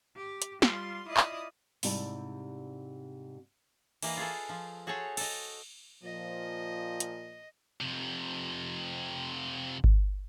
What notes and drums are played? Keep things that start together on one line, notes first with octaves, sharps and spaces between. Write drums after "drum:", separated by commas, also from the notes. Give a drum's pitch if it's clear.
G4
drum: hi-hat
G3 F4 C6, drum: snare
E4 F4 D5 D#5 D#6
drum: clap
G#2 C3 G3 E4 D5 A5, drum: open hi-hat
E3 A#3 B4 D#5, drum: cymbal
F4 G#4 A4
F3
F#4 G#4 A4 C5 C#5
A4 D#5, drum: cymbal
A#2 F3 D#5
drum: hi-hat
F2 C3
drum: kick G1